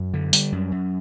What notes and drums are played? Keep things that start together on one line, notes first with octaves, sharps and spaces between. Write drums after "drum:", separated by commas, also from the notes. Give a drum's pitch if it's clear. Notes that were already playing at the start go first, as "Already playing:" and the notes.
Already playing: F#2
D3
G3, drum: open hi-hat
F#2
F#2